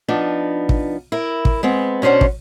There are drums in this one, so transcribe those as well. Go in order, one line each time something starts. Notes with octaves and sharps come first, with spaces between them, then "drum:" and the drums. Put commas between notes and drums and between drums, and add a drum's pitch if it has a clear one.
F3 B3 D4 D#4
drum: kick
E4 A#4
drum: kick
G#3 B3 C4
B2 C#4 D4 C5 F#5
drum: kick